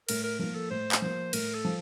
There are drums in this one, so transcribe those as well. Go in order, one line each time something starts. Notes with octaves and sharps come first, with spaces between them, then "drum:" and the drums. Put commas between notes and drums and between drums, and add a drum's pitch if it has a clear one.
A2 A#4, drum: cymbal
A#4
F3 A#3 A#4
A4
A2 C5
drum: clap
F3 A#3 C5
A2 A#4, drum: cymbal
A4
F3